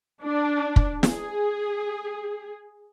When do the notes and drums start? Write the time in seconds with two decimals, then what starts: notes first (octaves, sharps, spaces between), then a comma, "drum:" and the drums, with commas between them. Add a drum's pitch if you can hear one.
0.23 D4
0.76 drum: kick
1.03 G#4, drum: snare